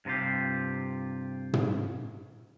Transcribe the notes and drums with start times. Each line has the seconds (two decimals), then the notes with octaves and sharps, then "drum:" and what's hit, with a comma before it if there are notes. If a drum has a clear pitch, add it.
0.05 G2 C3 D#4 F4 G4
1.53 drum: tom